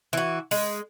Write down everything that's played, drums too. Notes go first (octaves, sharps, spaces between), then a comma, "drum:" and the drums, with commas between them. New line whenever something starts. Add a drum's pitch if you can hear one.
E3 F#4
G#3, drum: open hi-hat